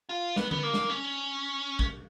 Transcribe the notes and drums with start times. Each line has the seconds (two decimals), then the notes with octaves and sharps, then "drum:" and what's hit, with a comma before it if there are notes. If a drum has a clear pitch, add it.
0.09 F4
0.36 B3, drum: snare
0.51 B3, drum: tom D3
0.63 A#3
0.74 drum: snare
0.89 C#4
1.79 drum: kick